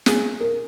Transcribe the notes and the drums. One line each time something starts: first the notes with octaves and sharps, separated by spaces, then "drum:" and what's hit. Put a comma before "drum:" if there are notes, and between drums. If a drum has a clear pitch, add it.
G#4, drum: snare
A#4